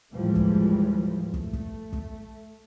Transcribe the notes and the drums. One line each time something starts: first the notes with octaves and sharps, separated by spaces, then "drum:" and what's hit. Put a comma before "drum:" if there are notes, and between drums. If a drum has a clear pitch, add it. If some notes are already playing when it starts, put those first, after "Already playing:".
D#2 A2 E3 F3 G3 G#3
drum: kick
A3, drum: kick
drum: kick
drum: kick